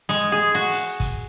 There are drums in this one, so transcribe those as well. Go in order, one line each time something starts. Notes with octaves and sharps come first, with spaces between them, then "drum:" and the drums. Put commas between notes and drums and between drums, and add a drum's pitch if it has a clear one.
G#3, drum: hi-hat
G#4
F#4
drum: open hi-hat
drum: kick, hi-hat